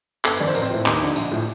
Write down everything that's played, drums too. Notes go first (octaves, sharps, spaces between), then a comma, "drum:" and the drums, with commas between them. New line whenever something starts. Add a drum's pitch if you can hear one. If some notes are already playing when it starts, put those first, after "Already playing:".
G1 A4, drum: clap
F2 D#3 D5
C5
A1 A#4, drum: tambourine
C4 C5
A2 F3
D#2 D#4 D#5, drum: clap
D3 F3
A#1, drum: tambourine
A2 F3